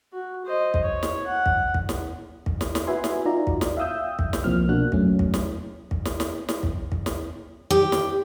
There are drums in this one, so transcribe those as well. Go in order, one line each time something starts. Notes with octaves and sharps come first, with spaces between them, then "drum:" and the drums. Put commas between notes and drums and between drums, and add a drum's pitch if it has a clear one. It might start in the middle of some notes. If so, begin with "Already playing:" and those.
F#4
C5 D#5
drum: kick
C#5
drum: snare
F#5
drum: kick
drum: kick
drum: snare
drum: kick
drum: snare
drum: snare
F#4 B4 E5 G#5 C6
drum: snare
D#4 F4 F#4 D5 A#5
drum: kick
drum: snare
E5 F5 G5 D#6 E6 G6
drum: kick
drum: snare
C2 F3 A#3 C4 F6
B2 A#3 D4 F#4 F#6
F#3 A3 C#4, drum: kick
drum: kick
drum: snare
drum: kick
drum: snare
drum: snare
drum: snare
drum: kick
drum: kick
drum: snare
G4
drum: snare